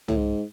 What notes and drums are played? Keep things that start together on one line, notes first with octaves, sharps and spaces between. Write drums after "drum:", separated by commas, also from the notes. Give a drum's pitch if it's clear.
A2, drum: tom
G#2